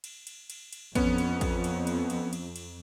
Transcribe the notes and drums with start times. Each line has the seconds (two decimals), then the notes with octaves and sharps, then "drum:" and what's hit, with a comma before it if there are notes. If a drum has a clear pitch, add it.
0.04 drum: cymbal
0.27 drum: cymbal
0.50 drum: cymbal
0.73 drum: cymbal
0.95 F2 B3 C#4, drum: kick, cymbal
1.18 drum: cymbal
1.41 drum: kick, cymbal
1.64 drum: cymbal
1.87 drum: cymbal
2.10 drum: cymbal
2.33 drum: cymbal
2.56 drum: cymbal